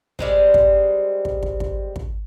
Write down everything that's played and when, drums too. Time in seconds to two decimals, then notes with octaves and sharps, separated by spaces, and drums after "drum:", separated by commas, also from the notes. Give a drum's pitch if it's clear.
0.19 G3 G#3 C4, drum: kick
0.54 drum: kick
1.25 drum: kick
1.43 drum: kick
1.60 drum: kick
1.96 drum: kick